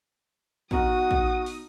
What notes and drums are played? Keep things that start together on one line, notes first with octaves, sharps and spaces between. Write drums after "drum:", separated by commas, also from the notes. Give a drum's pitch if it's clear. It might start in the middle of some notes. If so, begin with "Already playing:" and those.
B2 D#4 F#4 A#5 D#6 F6, drum: kick
drum: kick
drum: open hi-hat